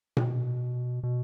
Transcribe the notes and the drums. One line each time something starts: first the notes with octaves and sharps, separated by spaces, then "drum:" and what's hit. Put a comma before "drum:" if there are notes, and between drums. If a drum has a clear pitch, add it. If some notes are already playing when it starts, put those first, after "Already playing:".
B2, drum: tom A#2
B2